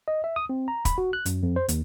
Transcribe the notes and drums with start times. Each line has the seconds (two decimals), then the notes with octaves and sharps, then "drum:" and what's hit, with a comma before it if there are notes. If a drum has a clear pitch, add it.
0.08 D#5
0.24 E5
0.36 D#6
0.49 C4
0.68 A#5
0.85 B5, drum: kick, hi-hat
0.98 F#4
1.13 F#6
1.26 F#2, drum: hi-hat
1.43 F2
1.56 C5
1.68 D#2, drum: hi-hat